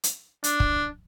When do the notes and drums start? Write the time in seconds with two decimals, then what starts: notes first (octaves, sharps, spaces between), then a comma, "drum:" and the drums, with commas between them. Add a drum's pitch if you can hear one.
0.04 drum: hi-hat
0.44 D4, drum: hi-hat
0.60 drum: kick